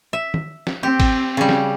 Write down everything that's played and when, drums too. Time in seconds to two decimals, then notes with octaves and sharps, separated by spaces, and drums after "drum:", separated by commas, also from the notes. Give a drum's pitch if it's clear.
0.13 E5
0.34 drum: tom D#3
0.67 drum: snare
0.83 C4 G4
1.00 drum: kick, cymbal
1.37 C#3 G3
1.49 drum: snare